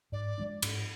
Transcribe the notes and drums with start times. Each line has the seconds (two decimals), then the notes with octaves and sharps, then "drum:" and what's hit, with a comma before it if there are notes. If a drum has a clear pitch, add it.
0.12 G#2 D5
0.38 F3 G#3 D4
0.62 G#2, drum: cymbal